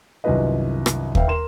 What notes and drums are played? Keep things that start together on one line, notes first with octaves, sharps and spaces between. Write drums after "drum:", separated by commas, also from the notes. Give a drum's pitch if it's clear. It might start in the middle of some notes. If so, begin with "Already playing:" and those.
C2 F#2 D#3 F4 B4 D#5
drum: rim click
B4 E5 F5 G5, drum: kick
A#4 C6 E7